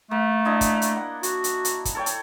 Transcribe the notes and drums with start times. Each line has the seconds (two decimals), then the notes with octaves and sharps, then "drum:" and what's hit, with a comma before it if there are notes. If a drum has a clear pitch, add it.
0.11 A3 A#3
0.45 D4 E4 D#5
0.61 drum: kick, hi-hat
0.82 drum: hi-hat
0.96 F#5
1.23 F#4, drum: hi-hat
1.44 drum: hi-hat
1.65 drum: hi-hat
1.85 drum: kick, hi-hat
1.95 A4 C#5 G5
2.06 drum: hi-hat